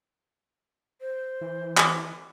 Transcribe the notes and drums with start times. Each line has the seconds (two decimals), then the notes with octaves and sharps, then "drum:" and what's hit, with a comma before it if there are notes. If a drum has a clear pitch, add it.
1.01 C5
1.41 E3
1.77 drum: clap